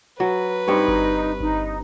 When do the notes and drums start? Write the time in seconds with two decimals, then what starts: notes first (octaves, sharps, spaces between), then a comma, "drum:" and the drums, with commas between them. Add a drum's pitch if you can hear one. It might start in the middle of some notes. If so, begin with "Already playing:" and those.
0.20 F#3 B4
0.68 G2 C4 D#4 C#5
0.88 drum: kick G1
1.40 D#4, drum: kick G1